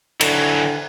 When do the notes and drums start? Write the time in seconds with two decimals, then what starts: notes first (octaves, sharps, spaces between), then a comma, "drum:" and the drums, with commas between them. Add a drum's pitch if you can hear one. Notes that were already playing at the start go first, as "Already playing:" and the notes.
0.21 D3 E3 F#3, drum: cymbal